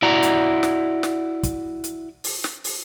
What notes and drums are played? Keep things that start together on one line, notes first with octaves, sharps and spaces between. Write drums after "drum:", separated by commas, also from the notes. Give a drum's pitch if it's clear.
E4 F#4 D5 A#5
drum: hi-hat
drum: snare
drum: snare
drum: kick, hi-hat
drum: hi-hat
drum: open hi-hat
drum: snare
drum: open hi-hat